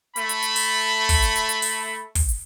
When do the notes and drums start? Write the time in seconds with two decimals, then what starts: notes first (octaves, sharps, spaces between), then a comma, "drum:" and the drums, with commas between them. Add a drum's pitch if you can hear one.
0.16 A3 B5, drum: hi-hat
0.29 drum: hi-hat
0.42 drum: hi-hat
0.56 drum: open hi-hat
1.09 drum: kick, open hi-hat
1.22 drum: hi-hat
1.36 drum: hi-hat
1.49 drum: hi-hat
1.62 drum: open hi-hat
2.15 drum: kick, open hi-hat
2.29 drum: hi-hat